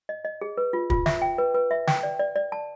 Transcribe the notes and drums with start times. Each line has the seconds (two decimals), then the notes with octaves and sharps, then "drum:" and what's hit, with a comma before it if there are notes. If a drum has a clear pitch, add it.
0.09 D#5
0.25 D#5
0.41 G#4
0.57 B4
0.73 F4
0.90 F4, drum: kick
1.06 E5, drum: snare
1.22 G5
1.38 B4
1.54 B4
1.71 E5
1.87 G5, drum: snare
2.03 D5
2.19 D5
2.36 D5
2.52 A5